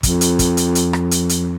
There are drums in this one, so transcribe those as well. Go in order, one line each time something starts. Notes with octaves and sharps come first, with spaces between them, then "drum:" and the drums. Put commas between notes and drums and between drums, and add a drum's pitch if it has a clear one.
F2, drum: kick, hi-hat
drum: hi-hat
drum: kick, hi-hat
drum: hi-hat
drum: hi-hat
drum: rim click
drum: hi-hat
drum: hi-hat